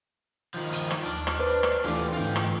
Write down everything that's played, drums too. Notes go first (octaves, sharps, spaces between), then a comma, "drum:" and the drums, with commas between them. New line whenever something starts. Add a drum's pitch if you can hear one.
D#3 F3
drum: hi-hat
drum: rim click
D#2 D4 F6
drum: rim click
B4 C5
drum: rim click
E3 A3 D4 F4 G4
G#2 D3 E3 A3 F4 G5
drum: rim click